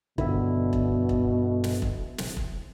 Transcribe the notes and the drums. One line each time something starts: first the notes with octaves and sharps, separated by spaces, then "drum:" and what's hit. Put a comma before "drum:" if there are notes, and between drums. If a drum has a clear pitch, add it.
G1 B2 D3 E4 E5, drum: kick E1
drum: kick E1
drum: kick E1
drum: snare
drum: kick E1
drum: snare
drum: kick E1